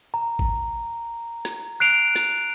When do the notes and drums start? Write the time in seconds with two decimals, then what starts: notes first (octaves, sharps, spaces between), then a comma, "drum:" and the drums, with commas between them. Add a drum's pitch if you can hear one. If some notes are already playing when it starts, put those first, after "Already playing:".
0.14 A#5
0.39 drum: kick
1.45 drum: snare
1.80 F#6 C7 D7 F7
2.16 drum: snare